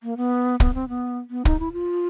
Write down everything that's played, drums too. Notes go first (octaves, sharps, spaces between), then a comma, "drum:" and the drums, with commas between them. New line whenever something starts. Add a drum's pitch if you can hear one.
A#3
B3
B3, drum: kick
C4
B3
B3
D#4, drum: kick
E4
F4